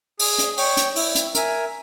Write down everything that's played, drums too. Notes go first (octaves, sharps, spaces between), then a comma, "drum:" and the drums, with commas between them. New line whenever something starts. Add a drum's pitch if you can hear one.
G#4, drum: open hi-hat
drum: hi-hat
C#5 G5, drum: open hi-hat
drum: hi-hat
E4, drum: open hi-hat
drum: hi-hat
A#4 E5 G#5, drum: hi-hat